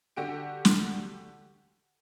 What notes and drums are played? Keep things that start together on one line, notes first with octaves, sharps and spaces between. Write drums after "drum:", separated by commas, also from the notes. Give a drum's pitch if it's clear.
D3 F#4 G4 D7
drum: snare